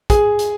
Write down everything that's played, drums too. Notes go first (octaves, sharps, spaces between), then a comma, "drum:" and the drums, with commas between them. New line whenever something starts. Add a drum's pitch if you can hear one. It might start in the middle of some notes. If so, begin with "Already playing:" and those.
G#4, drum: kick, hi-hat
drum: hi-hat